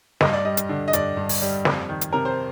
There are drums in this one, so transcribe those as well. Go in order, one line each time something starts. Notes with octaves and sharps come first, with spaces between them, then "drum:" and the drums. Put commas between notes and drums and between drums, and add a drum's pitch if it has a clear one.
G2 D#5, drum: snare
D5
G3 D#5
drum: hi-hat
D3
D#5
G2 D5, drum: hi-hat
G2
drum: open hi-hat
G3
F2, drum: snare
D#3
drum: hi-hat
C3 A#4
C5